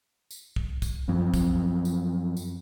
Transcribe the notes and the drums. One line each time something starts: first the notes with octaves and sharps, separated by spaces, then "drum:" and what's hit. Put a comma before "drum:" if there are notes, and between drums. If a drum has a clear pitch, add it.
drum: tambourine
drum: kick
drum: kick, tambourine
F#2 F3 C4
drum: kick, tambourine
drum: tambourine
drum: tambourine